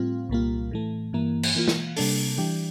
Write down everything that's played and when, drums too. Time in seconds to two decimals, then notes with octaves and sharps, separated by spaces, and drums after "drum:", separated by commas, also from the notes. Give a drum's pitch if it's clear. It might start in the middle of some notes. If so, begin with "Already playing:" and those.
Already playing: A2 G3 C4 F4
0.29 C2 A#2 G3 A#3 F4
0.71 A2 E3 A3
1.13 G2 E3 A#3
1.43 drum: cymbal
1.55 E3 A#3 F4
1.68 drum: snare
1.97 C3 G3 A#3 D4 A4, drum: open hi-hat
2.38 E3 G3 D4 G4